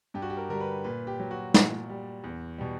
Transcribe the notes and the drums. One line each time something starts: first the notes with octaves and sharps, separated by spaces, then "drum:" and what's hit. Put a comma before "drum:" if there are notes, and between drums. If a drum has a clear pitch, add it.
G2 G4
F#4
G4
A#4
D3 G3 A#4
B4
A#2 B4
G4
F#3
F#4
A#2, drum: snare
G3
E2
B2 G3